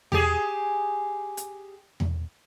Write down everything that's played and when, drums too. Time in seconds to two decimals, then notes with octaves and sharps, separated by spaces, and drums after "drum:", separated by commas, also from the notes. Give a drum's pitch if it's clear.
0.12 G4 G#4, drum: tom E2
1.37 drum: hi-hat
2.00 drum: tom E2